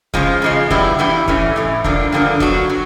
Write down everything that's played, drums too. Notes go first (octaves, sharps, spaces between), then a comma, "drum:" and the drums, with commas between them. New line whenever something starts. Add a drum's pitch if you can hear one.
C#3 F3 G#3, drum: kick
C#3 F3 G#3
G2 E3 G3 B3 E4, drum: kick
G2 E3 G3 B3 E4
A2 E3 A3 C#4, drum: kick
A2 E3 A3 C#4
G2 D3 F3 A#3 D4, drum: kick
G2 D3 F3 A#3 D4
F#3 B3 D4 F#4, drum: kick
F#3